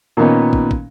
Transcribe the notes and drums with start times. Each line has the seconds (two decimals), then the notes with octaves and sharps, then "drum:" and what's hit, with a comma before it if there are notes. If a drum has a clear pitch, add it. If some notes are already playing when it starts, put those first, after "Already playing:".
0.17 A#2 D#3 A#3 B3 C#4 D#4
0.53 drum: kick
0.71 drum: kick